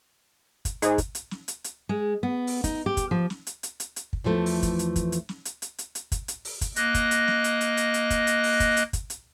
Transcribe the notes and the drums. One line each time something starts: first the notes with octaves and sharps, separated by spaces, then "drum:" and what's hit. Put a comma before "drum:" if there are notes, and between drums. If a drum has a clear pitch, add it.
drum: kick, hi-hat
G#2 D#4 G#4 C5, drum: hi-hat
drum: kick, hi-hat
drum: hi-hat
drum: snare
drum: hi-hat
drum: hi-hat
G#3
B3
drum: open hi-hat
D#4, drum: kick, hi-hat
G4
drum: kick, hi-hat
F3
drum: snare
drum: hi-hat
drum: hi-hat
drum: hi-hat
drum: hi-hat
drum: kick
E2 E3 F3 A3
drum: open hi-hat
drum: kick, hi-hat
drum: hi-hat
drum: kick, hi-hat
drum: hi-hat
drum: snare
drum: hi-hat
drum: hi-hat
drum: hi-hat
drum: hi-hat
drum: kick, hi-hat
drum: hi-hat
drum: open hi-hat
drum: kick, hi-hat
A#3 D#5 F#6 A#6, drum: hi-hat
drum: kick, hi-hat
drum: hi-hat
drum: snare
drum: hi-hat
drum: hi-hat
drum: hi-hat
drum: hi-hat
drum: kick, hi-hat
drum: hi-hat
drum: open hi-hat
drum: kick, hi-hat
drum: hi-hat
drum: kick, hi-hat
drum: hi-hat